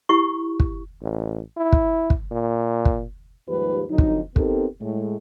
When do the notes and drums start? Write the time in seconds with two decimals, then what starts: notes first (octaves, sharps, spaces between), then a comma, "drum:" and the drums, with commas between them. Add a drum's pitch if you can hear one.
0.09 E4 G4 C#6
0.60 drum: kick
1.02 A1
1.57 E4
1.72 drum: kick
2.10 drum: kick
2.31 A#2
2.85 drum: kick
3.48 D#2 G#2 F3 G3 G4 B4
3.89 F2 D3 F#3 D#4
3.98 drum: kick
4.36 B3 C4 D#4 G4 A4 A#4, drum: kick
4.81 A2 G#3